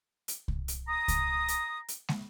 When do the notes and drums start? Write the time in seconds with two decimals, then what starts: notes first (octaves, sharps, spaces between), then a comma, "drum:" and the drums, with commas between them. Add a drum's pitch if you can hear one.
0.28 drum: hi-hat
0.48 drum: kick C2
0.68 drum: hi-hat
0.88 A#5 D#6
1.08 drum: kick C2, hi-hat
1.48 drum: hi-hat
1.88 drum: hi-hat
2.08 drum: snare